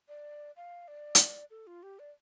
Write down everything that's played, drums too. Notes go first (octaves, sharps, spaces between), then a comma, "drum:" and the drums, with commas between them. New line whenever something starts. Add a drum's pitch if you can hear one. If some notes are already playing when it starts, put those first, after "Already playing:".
D5
F5
D5
drum: hi-hat
A4
F4
G4
D5